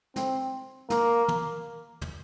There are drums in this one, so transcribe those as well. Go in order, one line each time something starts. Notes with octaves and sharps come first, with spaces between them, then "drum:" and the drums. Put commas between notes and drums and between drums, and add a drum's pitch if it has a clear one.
C4, drum: snare
A#3, drum: snare
drum: tom
drum: tom